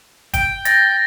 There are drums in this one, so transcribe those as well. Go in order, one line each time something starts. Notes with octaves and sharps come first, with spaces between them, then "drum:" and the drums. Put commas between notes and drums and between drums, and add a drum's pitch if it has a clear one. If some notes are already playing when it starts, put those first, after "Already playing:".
G5, drum: kick, hi-hat
A6 A#6, drum: hi-hat